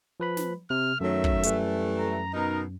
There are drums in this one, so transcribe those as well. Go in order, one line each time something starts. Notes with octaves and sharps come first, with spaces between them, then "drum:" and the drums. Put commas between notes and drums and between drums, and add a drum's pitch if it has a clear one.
F3 B4 B5
drum: snare
C3 F6
F#2 D#3 F#3 A3 E5
drum: kick
E3 G3 A3, drum: hi-hat
A#5
B2 D#4 A#4